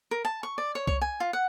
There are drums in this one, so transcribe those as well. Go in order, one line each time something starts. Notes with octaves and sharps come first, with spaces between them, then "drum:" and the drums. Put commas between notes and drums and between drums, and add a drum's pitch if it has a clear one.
A#4
A5
C#6
D5
C#5
C#5, drum: kick C2
G#5
F4
F#5